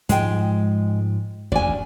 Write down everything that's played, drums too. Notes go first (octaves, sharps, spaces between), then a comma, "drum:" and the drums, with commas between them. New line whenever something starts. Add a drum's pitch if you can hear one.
G#2 F3 G#3 G5, drum: hi-hat
A1 D2 D5 G#5, drum: kick F2